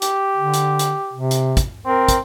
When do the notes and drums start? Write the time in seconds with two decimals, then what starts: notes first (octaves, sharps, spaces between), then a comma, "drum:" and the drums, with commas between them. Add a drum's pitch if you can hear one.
0.02 G4, drum: hi-hat
0.36 D3
0.54 drum: hi-hat
0.79 drum: hi-hat
1.13 C3
1.31 drum: hi-hat
1.57 drum: kick, hi-hat
1.86 C4 A#4
2.08 drum: kick, hi-hat